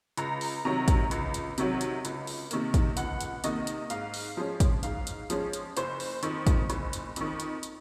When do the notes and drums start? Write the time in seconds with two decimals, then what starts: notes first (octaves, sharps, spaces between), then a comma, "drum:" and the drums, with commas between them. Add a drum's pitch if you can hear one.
0.17 C#2 A#5, drum: hi-hat
0.41 drum: open hi-hat
0.65 C3 D#3 F#3 A#5
0.88 drum: kick, hi-hat
1.11 C#2, drum: hi-hat
1.34 drum: hi-hat
1.58 C3 D#3 F#3, drum: hi-hat
1.81 drum: hi-hat
2.05 C#2, drum: hi-hat
2.27 drum: open hi-hat
2.51 C3 D#3 A#3, drum: hi-hat
2.74 drum: kick, hi-hat
2.97 C#2 F#5, drum: hi-hat
3.21 drum: hi-hat
3.44 C3 D#3 A#3 D#5, drum: hi-hat
3.67 drum: hi-hat
3.90 G#2 F5, drum: hi-hat
4.14 drum: open hi-hat
4.37 F3 G#3 C#4
4.60 drum: kick, hi-hat
4.83 G#2 F5, drum: hi-hat
5.07 drum: hi-hat
5.30 F3 G#3 C#4, drum: hi-hat
5.53 drum: hi-hat
5.77 F#1 C5, drum: hi-hat
6.00 drum: open hi-hat
6.23 F2 D#3, drum: hi-hat
6.47 drum: kick, hi-hat
6.70 F#1, drum: hi-hat
6.93 drum: hi-hat
7.16 F2 D#3, drum: hi-hat
7.40 drum: hi-hat
7.63 drum: hi-hat